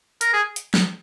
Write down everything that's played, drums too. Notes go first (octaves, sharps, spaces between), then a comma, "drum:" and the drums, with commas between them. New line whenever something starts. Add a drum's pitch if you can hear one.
A#4, drum: hi-hat
G#4
drum: hi-hat
drum: snare